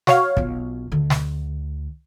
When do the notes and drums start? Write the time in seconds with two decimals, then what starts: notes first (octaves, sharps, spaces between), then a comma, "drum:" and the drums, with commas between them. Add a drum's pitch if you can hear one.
0.07 F#4 C#5 F5, drum: snare
0.37 B1 F4, drum: kick
0.92 D2 D3
1.10 drum: snare